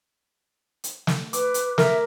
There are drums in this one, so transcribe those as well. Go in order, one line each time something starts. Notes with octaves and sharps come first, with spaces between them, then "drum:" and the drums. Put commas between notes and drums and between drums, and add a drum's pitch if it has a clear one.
drum: hi-hat
drum: snare
B4 D6, drum: hi-hat
drum: hi-hat
A#4 E5, drum: snare